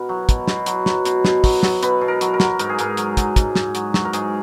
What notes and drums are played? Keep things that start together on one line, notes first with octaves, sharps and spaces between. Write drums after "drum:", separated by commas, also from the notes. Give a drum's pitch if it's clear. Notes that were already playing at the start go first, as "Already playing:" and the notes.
Already playing: B2 A#4
F#3
B2, drum: kick, hi-hat
B2, drum: snare
F#3, drum: hi-hat
F#3, drum: snare
B2, drum: hi-hat
B2, drum: snare
F#3, drum: kick, open hi-hat
F#3, drum: snare
B2 B4, drum: hi-hat
B2
A#4
F#3, drum: hi-hat
A#4
F#3, drum: snare
G#2 A#4, drum: hi-hat
G#4
G#2 A#4, drum: hi-hat
F#3, drum: hi-hat
F#3, drum: kick, hi-hat
G#2, drum: kick, hi-hat
G#2, drum: snare
F#3, drum: hi-hat
F#3, drum: snare
A#4
G#2 G#4, drum: hi-hat